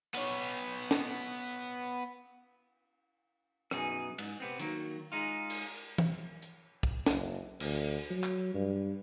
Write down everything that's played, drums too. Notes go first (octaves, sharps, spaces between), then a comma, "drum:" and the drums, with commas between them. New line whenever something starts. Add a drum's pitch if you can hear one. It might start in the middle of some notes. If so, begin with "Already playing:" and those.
B3 C#5, drum: cymbal
drum: snare
F#2 B2 D#4 G#4, drum: rim click
G#2, drum: cymbal
C3 B3 C4
D#3 F#3 A#3, drum: hi-hat
G#3 D#4 F4
drum: cymbal
drum: tom
drum: hi-hat
drum: kick
F#1, drum: snare
D2, drum: cymbal
F#3
drum: clap
G2